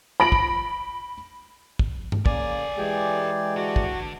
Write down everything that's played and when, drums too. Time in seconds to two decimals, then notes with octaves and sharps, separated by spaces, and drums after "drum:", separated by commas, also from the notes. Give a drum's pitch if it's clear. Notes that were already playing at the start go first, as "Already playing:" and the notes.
0.20 B5 A#6 D7 F#7
0.32 drum: kick
1.79 drum: kick
2.12 drum: tom G2
2.26 C#3 A#3 A4 D5 G#5, drum: kick
2.78 E3 G#3 G4 G#4
3.56 D3 F#4
3.76 drum: kick